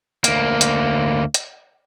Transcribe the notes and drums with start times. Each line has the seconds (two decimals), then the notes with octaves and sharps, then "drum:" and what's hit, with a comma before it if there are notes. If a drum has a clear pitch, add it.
0.24 D2 A#3, drum: hi-hat
0.61 drum: hi-hat
1.34 drum: hi-hat